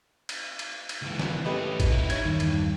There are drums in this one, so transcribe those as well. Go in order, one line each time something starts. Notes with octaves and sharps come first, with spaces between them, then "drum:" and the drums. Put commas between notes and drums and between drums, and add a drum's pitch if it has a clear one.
drum: cymbal
drum: cymbal
drum: cymbal
C#2 E3
drum: snare
A3 C#4 G4 B4 D#5
drum: kick, cymbal
D#4 E4
C#5 G#6, drum: cymbal
E2 G2 D#3
drum: cymbal